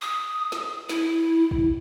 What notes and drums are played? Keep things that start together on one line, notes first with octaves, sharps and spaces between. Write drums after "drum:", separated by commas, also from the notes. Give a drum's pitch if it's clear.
D#6
drum: snare
E4, drum: snare
drum: kick